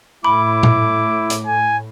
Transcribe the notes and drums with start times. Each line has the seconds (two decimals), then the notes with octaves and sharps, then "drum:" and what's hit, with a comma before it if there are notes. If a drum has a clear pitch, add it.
0.25 A2 E4 B5 D6
0.63 drum: tom A#2
1.30 drum: hi-hat
1.46 G#5